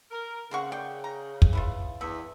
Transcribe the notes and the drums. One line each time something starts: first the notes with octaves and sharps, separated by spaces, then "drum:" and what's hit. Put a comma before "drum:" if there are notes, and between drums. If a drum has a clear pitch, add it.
A#4
C#3 A#3 C4 F#5 C6 C#6
D5 G5
A#5
drum: kick
E3 E4 F4
E2 D3 B3 E5